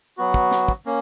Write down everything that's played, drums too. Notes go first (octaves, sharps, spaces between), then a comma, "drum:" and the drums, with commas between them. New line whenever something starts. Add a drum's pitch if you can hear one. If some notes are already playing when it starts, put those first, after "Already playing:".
F#3 B3 F#4
drum: kick
drum: snare
drum: kick
A#3 C#4